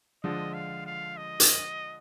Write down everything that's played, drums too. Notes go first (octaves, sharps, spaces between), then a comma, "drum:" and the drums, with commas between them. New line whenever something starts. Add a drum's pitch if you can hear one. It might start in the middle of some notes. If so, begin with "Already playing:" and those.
D3 F3 G#3 D4 D#5
F5
F5
D#5
drum: hi-hat